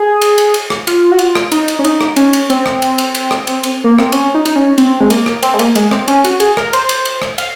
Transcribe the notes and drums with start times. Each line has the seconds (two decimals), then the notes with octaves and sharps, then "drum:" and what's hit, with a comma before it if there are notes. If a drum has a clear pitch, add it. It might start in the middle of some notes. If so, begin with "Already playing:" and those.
Already playing: G#4
0.21 drum: cymbal
0.38 drum: cymbal
0.54 drum: cymbal
0.70 drum: rim click
0.87 F4, drum: cymbal
1.11 F#4
1.19 F4, drum: cymbal
1.35 drum: rim click
1.52 D#4, drum: cymbal
1.68 drum: cymbal
1.79 C#4
1.84 D#4, drum: cymbal
2.01 drum: rim click
2.16 C#4, drum: cymbal
2.33 drum: cymbal
2.50 C4, drum: cymbal
2.66 drum: rim click
2.82 drum: cymbal
2.98 drum: cymbal
3.15 drum: cymbal
3.31 drum: rim click
3.47 drum: cymbal
3.63 drum: cymbal
3.84 A#3
3.98 C4, drum: rim click
4.12 C#4, drum: cymbal
4.34 D#4
4.45 D#4, drum: cymbal
4.56 C#4
4.78 C4, drum: cymbal
5.00 G#3
5.10 A#3, drum: cymbal
5.26 drum: rim click
5.43 C4, drum: cymbal
5.54 G#3
5.59 A#3, drum: cymbal
5.75 G#3, drum: cymbal
5.91 C4, drum: rim click
6.08 C#4, drum: cymbal
6.24 F#4, drum: cymbal
6.40 G#4, drum: cymbal
6.57 A#4, drum: rim click
6.73 C5, drum: cymbal
6.89 drum: cymbal
7.05 drum: cymbal
7.22 drum: rim click
7.38 F5, drum: cymbal